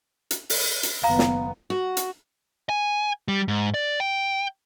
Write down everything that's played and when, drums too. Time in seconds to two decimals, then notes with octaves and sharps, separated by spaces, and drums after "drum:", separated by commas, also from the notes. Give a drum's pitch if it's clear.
0.31 drum: hi-hat
0.50 drum: open hi-hat
0.83 drum: hi-hat
1.04 F#1 D#3 B3 F5 A#5
1.19 drum: snare
1.70 F#4
1.97 drum: hi-hat
2.69 G#5
3.28 G3
3.48 G#2
3.74 D5
4.00 G5